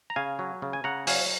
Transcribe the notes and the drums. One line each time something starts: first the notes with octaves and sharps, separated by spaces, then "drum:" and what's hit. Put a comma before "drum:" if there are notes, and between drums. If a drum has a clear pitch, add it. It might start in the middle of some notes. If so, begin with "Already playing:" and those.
A#5
C#3 F5 G#5
F#3
C#3
G#5
C#3 F#5 A#5
F#3 F5 G#5, drum: open hi-hat